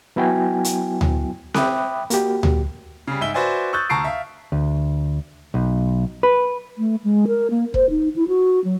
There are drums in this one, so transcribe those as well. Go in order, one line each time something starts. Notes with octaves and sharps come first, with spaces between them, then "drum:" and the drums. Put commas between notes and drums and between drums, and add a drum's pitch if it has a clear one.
F#3 B3 E4 F#4 G5 G#5
drum: hi-hat
drum: tom D2
E5 G5 B5 D6 D#6 F#6, drum: snare C4
A#3 F#4 G4, drum: hi-hat
drum: tom D2
C#3 G3
G#2 E5 G7
F#4 B4 C5 D5 E5 G#5
C#6 D#6 E6 F#6 G6 A6
D2 A5 A#5 C#6 C7 D7
E5 F5
D2
B1
B4
A3
G#3
A#4
A#3
C5, drum: kick
D#4
E4
F#4
F#3